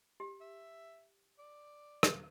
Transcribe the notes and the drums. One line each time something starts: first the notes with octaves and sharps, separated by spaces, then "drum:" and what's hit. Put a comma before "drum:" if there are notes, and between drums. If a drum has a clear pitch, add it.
G4
E5
D5
drum: rim click